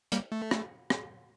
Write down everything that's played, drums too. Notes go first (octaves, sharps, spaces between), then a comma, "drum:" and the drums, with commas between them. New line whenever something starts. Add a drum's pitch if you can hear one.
G3 A#3, drum: hi-hat
A3
drum: rim click
drum: rim click